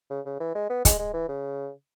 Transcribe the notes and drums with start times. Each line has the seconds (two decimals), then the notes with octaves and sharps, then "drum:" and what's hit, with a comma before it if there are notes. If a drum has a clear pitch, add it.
0.11 C#3
0.26 C#3
0.40 E3
0.55 G#3
0.70 B3
0.85 G#3, drum: kick, hi-hat
0.99 G#3
1.14 E3
1.29 C#3